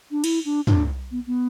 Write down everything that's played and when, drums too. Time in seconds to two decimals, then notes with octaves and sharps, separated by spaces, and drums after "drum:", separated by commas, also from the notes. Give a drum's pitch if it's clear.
0.11 D4
0.24 E4, drum: cymbal
0.45 D4
0.67 D4, drum: tom
1.11 B3
1.27 B3